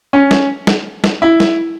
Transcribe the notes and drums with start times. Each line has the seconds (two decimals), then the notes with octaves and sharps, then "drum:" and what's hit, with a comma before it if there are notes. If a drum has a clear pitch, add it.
0.13 C#4
0.31 drum: snare
0.67 drum: snare
1.04 drum: snare
1.22 E4
1.40 drum: snare